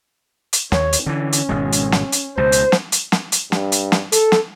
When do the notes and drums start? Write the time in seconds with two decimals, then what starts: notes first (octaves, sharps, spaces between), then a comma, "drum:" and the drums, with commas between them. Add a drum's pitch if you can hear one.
0.53 drum: hi-hat
0.72 D#2 C#5, drum: snare
0.93 drum: hi-hat
1.06 D3 E3 C#4
1.32 drum: hi-hat
1.49 G#1 B2 G#3
1.72 drum: hi-hat
1.92 drum: snare
2.12 drum: hi-hat
2.37 C#2 B2 C5
2.52 drum: hi-hat
2.72 drum: snare
2.92 drum: hi-hat
3.12 drum: snare
3.32 drum: hi-hat
3.52 G2, drum: snare
3.72 drum: hi-hat
3.92 drum: snare
4.12 A4, drum: hi-hat
4.32 drum: snare